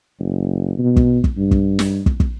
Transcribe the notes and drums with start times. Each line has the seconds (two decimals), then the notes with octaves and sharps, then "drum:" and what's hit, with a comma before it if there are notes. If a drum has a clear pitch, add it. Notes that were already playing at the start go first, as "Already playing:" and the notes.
0.19 F#1
0.78 B2
0.96 drum: kick
1.24 drum: kick
1.38 G2
1.51 drum: kick
1.79 drum: snare
2.06 drum: kick
2.20 drum: kick